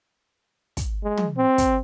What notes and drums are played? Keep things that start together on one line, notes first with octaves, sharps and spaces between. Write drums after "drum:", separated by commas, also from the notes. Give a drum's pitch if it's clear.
drum: kick, hi-hat
G#3
drum: tom
C4
drum: kick, hi-hat